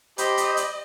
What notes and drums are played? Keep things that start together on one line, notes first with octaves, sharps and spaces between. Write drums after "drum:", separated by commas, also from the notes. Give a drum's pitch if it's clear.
G4 C5 D#5 B5, drum: hi-hat
drum: hi-hat
drum: hi-hat